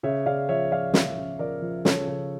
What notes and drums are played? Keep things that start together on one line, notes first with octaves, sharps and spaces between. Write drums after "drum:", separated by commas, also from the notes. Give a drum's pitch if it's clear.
C#3 C#5 E5
C#3 D5 F5
F3 C#5 E5
F3 D5 F5
C#3 C#5 E5, drum: snare
C#3
F3 A#4 D5
F3
C#3 A4 C#5, drum: snare
C#3